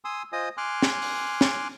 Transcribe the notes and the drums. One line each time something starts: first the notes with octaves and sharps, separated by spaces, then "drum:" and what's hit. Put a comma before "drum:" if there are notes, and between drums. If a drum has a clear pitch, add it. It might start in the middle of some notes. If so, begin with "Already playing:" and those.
G#5 C6 D#6 E6
F4 C5 D#5 G#5 D#6
G#5 C6 D6 F6 F#6
drum: snare
drum: open hi-hat
drum: snare